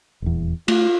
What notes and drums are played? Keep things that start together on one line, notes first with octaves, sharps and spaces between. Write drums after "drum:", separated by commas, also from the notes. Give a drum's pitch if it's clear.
D#1 E2
A3 F4, drum: cymbal